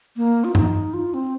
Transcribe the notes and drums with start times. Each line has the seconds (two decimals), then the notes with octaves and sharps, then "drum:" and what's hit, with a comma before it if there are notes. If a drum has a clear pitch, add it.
0.17 A#3
0.44 F4
0.55 D#4, drum: tom G2
0.94 F4
1.14 C4